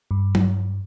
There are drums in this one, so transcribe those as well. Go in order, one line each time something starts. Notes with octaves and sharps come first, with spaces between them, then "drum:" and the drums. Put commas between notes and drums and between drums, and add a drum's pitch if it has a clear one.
G2
drum: tom F#3